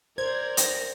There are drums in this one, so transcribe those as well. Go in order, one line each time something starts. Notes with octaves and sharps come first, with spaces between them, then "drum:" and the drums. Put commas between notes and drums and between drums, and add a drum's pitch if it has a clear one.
A#4 C5 D5 G#6
A#6, drum: hi-hat